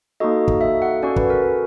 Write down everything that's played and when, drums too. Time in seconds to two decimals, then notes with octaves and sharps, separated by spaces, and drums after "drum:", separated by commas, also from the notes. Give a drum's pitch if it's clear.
0.20 A#3 D#4 F#4 A4 D#5
0.48 drum: kick
0.61 E5
0.82 F#5
1.03 C#4 F#4 A4 D5
1.16 B4, drum: kick
1.30 A#4